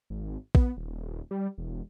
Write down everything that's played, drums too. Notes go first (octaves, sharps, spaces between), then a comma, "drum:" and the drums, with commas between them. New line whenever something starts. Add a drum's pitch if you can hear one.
G#1
B3, drum: kick
D#1
G3
E1